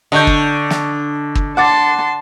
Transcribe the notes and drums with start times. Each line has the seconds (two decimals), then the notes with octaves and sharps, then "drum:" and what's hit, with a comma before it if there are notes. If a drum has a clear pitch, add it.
0.12 D3 D#5 C#6 G6
0.27 drum: kick
0.70 drum: snare
1.35 drum: kick
1.57 F#5 A5 C6 D6 A6